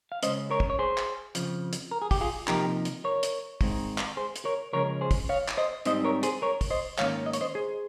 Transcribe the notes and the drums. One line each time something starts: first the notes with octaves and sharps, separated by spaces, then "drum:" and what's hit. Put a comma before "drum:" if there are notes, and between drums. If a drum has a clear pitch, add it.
F5
C#3 G#3 C#4 C5 D#5, drum: hi-hat
A#4 C#5
drum: kick
C#5
G#4 C5
drum: clap
F2 C#3 F3, drum: hi-hat
drum: hi-hat
A#4
G#4
G4, drum: kick, open hi-hat
F4 G#4
C3 F3 A#3 D#4 G4 A#4, drum: clap
drum: hi-hat
A#4 C#5
drum: hi-hat
G#2 D#3 G#3 C4 D#4, drum: kick, open hi-hat
drum: clap
G#4 C5
drum: hi-hat
A#4 C#5
C#3 F3 G#3 C#4 A#4 C#5
G#4 C5
drum: kick, open hi-hat
C#5 F5
drum: clap
C5 D#5
G#2 G3 C4 D#4 C5 D#5, drum: hi-hat
A#4 C#5
G#4 C5, drum: hi-hat
A#4 C#5
drum: kick, open hi-hat
C5 D#5
G#2 D#3 A#3 C#4 C#5 F5, drum: clap
D#5
C#5, drum: hi-hat
C5 D#5
G#4 C5